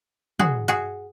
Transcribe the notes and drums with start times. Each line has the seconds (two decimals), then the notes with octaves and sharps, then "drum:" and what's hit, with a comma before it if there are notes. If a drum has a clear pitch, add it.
0.39 F#4 G#4, drum: tom
0.68 F#4 G#4, drum: hi-hat